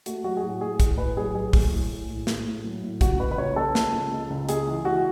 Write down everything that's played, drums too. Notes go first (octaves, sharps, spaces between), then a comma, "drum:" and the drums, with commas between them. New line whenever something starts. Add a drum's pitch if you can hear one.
A3 F#4, drum: hi-hat
F#3 F#4
G#4
A2 F#4
A2 G#4
A2 G#4, drum: kick, hi-hat
A2 B4
F#3 G#4
F#3 G#4
A3 G#4, drum: kick, open hi-hat
A2
A2
A2
A3, drum: snare
A2
F#3
A2
C#2 F#4, drum: kick, hi-hat
C#2 B4
B4
C#2 C#5
C#2 A4
G#3, drum: snare
C#2
G#3
C#2
G#3 G#4, drum: hi-hat
E3
E3 F#4